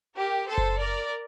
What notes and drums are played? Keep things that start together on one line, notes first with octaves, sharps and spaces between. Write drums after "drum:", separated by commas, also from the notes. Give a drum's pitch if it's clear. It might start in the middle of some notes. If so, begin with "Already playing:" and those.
G4 A#4
A4 C5
drum: kick F#1
A#4 D5